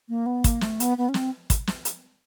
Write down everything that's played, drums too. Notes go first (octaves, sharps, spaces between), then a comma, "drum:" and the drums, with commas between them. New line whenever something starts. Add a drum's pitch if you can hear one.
A#3
B3
A#3, drum: kick, hi-hat
A3, drum: snare
B3, drum: hi-hat
B3
C#4
C4, drum: snare
drum: kick, hi-hat
drum: snare
drum: hi-hat